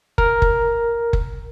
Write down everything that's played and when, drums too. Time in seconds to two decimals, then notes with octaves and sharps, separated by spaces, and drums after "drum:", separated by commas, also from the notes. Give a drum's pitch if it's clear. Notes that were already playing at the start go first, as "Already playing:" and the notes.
0.18 A#4, drum: kick
0.42 drum: kick
1.13 drum: kick